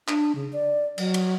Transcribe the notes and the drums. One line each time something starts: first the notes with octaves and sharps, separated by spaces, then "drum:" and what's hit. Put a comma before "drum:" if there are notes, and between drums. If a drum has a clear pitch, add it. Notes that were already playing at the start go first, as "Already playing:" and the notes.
D4, drum: clap
C#3
D5
F#3, drum: cymbal
drum: cymbal